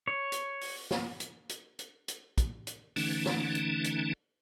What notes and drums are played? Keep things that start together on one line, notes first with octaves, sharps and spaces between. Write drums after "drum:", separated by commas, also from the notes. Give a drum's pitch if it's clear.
C#5
drum: hi-hat
drum: open hi-hat
drum: snare
drum: hi-hat
drum: hi-hat
drum: hi-hat
drum: hi-hat
drum: kick, hi-hat
drum: hi-hat
D3 E3 A3 C#4 D#4, drum: open hi-hat
drum: snare
drum: hi-hat
drum: hi-hat